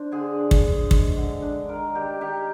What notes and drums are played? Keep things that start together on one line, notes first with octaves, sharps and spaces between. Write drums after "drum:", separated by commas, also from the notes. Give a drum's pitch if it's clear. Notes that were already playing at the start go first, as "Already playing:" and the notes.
Already playing: D4 C5 D5
D3 G#4
D4
drum: kick
D3
G#3, drum: kick
D3
D4
D#3 A#4
D#3 G4
D#3 G4